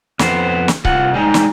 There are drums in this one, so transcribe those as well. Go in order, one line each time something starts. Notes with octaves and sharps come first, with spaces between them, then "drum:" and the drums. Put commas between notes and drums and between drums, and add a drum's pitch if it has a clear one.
F2 B3 C5, drum: snare
drum: snare
C2 F4 F#5, drum: kick C#1
G3 G#3 C#4 D#4
drum: snare